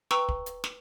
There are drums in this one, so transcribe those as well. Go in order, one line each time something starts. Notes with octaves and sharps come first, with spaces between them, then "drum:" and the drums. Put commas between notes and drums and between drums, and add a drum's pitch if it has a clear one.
B4 G5 A#5 C#6 E6, drum: snare
drum: kick
drum: hi-hat
drum: snare